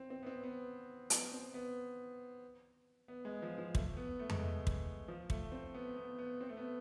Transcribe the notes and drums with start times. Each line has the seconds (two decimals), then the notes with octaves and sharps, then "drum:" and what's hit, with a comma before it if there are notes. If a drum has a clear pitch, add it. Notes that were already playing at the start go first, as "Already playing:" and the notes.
Already playing: C4
0.10 C4
0.23 B3
0.27 C4
0.43 B3
1.10 B3, drum: hi-hat
1.32 C4
1.54 B3
3.08 B3
3.25 G#3
3.42 F3
3.58 F3
3.75 A3, drum: kick
3.97 B3
4.19 A3
4.30 G#3, drum: tom F2
4.39 A3
4.67 drum: kick
5.08 F3
5.30 A3, drum: kick
5.52 C4
5.74 B3
5.96 B3
6.19 B3
6.41 C4
6.49 A3
6.57 B3